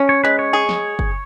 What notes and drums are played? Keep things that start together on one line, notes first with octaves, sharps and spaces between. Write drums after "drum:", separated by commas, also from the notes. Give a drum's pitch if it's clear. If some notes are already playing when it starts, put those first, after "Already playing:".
Already playing: C#4
C#5
G#3 B4
C#5
G#4
drum: snare
drum: kick F#1